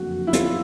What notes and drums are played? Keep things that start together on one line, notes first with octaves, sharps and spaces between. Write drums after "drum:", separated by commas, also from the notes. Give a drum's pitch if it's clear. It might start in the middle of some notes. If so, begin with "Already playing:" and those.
Already playing: F#1 F2 D3 F#4
E4
F4, drum: hi-hat